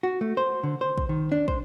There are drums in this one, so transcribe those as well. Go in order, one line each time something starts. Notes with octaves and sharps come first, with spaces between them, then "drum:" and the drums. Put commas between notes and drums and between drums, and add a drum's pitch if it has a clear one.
F#4
A3
C5
D3
C5
drum: kick
D#3
D4
C5, drum: kick